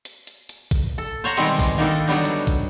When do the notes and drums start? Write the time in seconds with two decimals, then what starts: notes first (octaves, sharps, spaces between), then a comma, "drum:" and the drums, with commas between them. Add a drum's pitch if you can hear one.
0.05 drum: hi-hat
0.27 drum: hi-hat
0.49 drum: hi-hat
0.71 drum: kick, hi-hat
0.98 A4
1.24 C5 C#5 F#5 A#5
1.37 B2 D#3 G3 G#3 B3 C4, drum: hi-hat
1.59 drum: kick, open hi-hat
1.78 D#3 A#3 B3 D4 D#4 A4
2.07 D3 F#3 G3 B3 D4 D#4
2.25 drum: hi-hat
2.47 drum: kick, hi-hat